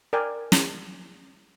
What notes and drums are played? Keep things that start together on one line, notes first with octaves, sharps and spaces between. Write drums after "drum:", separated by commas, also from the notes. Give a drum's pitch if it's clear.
A#4 D5 G5 G#5
drum: snare